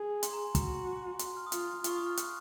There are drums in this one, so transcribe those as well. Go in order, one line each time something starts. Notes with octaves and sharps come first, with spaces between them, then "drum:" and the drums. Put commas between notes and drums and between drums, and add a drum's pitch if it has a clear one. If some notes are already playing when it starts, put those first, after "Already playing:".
Already playing: G#4
C6, drum: hi-hat
A#5
G#5
F#4 A#5, drum: kick, hi-hat
C6, drum: hi-hat
F6
D#6
F4 F6, drum: hi-hat
F4 C#6, drum: hi-hat
D#6
F6
F#6, drum: hi-hat